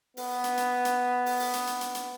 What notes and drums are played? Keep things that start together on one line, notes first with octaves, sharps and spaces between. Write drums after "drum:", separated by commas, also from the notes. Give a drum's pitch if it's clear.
B3, drum: open hi-hat
drum: hi-hat
drum: hi-hat
drum: hi-hat
drum: open hi-hat
drum: open hi-hat
drum: hi-hat
drum: hi-hat
drum: hi-hat
drum: hi-hat